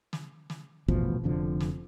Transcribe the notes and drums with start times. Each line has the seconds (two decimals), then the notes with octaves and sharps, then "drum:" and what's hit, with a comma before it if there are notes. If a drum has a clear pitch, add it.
0.13 drum: snare
0.50 drum: snare
0.88 D#1 A1 B2 F3, drum: kick F#2
1.24 F1 F2 D3 F3
1.60 drum: snare